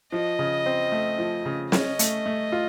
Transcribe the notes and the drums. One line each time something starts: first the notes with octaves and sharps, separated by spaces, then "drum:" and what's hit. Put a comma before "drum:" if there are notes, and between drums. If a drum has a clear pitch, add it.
F3 D#5
C#3
C4
A3
F3
C#3
C#4 D#5, drum: snare
A3, drum: hi-hat
A3
F4